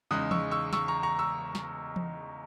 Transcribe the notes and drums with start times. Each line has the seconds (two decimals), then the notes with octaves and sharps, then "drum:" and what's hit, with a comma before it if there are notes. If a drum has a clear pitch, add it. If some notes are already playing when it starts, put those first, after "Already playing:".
0.11 E2 C#3 G#3 D#4 D#6 F#6
0.31 C#6 E6, drum: tom E3
0.51 C#6 E6
0.73 C#6 E6, drum: snare
0.88 A#5 C#6
1.03 A#5 C#6
1.19 C#6 E6
1.55 drum: snare
1.96 drum: tom E3